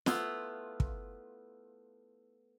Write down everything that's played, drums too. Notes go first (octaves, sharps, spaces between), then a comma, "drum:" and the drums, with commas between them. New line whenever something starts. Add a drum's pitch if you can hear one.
A3 B3 E4 F4, drum: snare
drum: kick